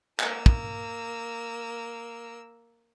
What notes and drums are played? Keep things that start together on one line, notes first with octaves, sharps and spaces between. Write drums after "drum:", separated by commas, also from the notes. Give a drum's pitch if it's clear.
A#3 E6, drum: clap
drum: kick